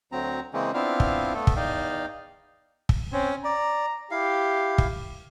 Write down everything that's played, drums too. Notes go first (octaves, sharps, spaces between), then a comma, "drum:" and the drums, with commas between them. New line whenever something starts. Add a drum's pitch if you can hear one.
D2 F#3 C4 A#5
C#3 E3 G#3 A#3 C4 C#4
B3 C4 D4 E4 F4 F5
drum: kick
A3 B3 A4
drum: kick
E2 D#4 D5 F5 G5
drum: kick
C4 C#4
D5 A#5
E4 G4 F5
drum: kick